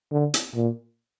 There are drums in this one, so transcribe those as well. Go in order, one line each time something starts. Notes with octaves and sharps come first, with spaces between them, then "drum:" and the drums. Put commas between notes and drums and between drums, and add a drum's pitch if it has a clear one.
D3
drum: hi-hat
A#2